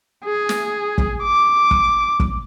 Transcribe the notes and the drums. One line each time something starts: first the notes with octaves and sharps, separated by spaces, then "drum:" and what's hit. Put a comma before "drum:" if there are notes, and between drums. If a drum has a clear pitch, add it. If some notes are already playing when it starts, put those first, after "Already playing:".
G#4
drum: snare
drum: kick
D6
drum: kick
drum: kick